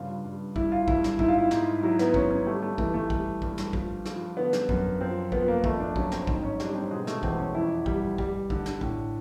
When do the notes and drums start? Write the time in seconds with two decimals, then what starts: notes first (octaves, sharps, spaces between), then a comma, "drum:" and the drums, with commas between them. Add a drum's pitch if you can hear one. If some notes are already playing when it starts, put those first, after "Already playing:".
Already playing: G2 C#3 F4
0.24 G2
0.56 G2 E4, drum: kick
0.72 F4
0.88 G2 E4, drum: kick
1.04 E4, drum: snare
1.19 G#2 E4, drum: kick
1.28 F4
1.38 E4
1.51 G#2, drum: snare
1.83 F#3 E4
1.99 B3, drum: snare
2.14 F#3 C#4, drum: kick
2.31 C#4
2.46 G3 A3
2.62 A3
2.78 E3 A3, drum: kick
2.94 A3
3.10 G3, drum: kick
3.42 G2, drum: kick
3.58 drum: snare
3.73 F3, drum: kick
4.05 F3, drum: snare
4.37 D3 B3
4.53 drum: snare
4.69 F#2, drum: kick
5.01 F3 C4
5.32 F3 B3, drum: kick
5.48 A#3
5.64 F2 A3, drum: kick
5.80 D4
5.96 F#3 C#4, drum: kick
6.12 C4, drum: snare
6.27 G#2, drum: kick
6.43 C#4
6.60 G3 D4, drum: snare
6.75 C4
6.91 B2 G#3
7.07 A3, drum: snare
7.23 E2 C4, drum: kick
7.39 C#4
7.55 F2 E4
7.86 G3, drum: kick
8.18 G3, drum: kick
8.50 D3, drum: kick
8.66 drum: snare
8.81 A2, drum: kick